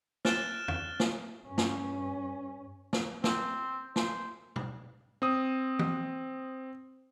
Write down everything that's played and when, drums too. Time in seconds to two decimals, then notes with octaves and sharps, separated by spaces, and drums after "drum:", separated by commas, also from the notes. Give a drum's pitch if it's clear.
0.25 F6 F#6 A6 D7 E7 G7, drum: snare
0.68 drum: tom
1.00 drum: snare
1.46 G2 C#4
1.58 drum: snare
2.93 drum: snare
3.24 C4, drum: snare
3.96 C5, drum: snare
4.56 drum: tom
5.22 C4 D#6
5.79 drum: tom